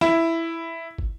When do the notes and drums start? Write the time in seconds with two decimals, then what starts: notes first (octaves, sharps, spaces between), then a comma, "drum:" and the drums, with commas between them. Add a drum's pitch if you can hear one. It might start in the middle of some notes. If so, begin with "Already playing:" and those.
0.01 E4, drum: snare
0.98 drum: kick